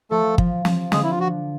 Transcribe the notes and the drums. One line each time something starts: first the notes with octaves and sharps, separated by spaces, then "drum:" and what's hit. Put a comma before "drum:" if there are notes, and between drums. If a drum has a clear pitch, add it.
F3 A3 A4
F3, drum: kick
F3, drum: snare
D3 G#3 G#4, drum: snare
E4
F4
F3 F#4